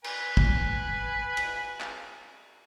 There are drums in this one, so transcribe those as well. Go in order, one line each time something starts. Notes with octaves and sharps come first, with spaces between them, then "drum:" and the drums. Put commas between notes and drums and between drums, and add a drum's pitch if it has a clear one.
B4 G#5, drum: cymbal
drum: kick
drum: cymbal
drum: clap